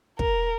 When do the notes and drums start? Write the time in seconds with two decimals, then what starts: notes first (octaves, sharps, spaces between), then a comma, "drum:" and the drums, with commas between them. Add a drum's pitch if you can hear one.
0.19 A#4, drum: kick